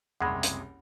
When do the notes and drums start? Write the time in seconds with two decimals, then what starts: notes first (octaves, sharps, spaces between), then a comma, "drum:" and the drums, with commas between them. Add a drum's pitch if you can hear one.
0.21 F#1 C2 C3 G#3 F#5 B5
0.43 drum: hi-hat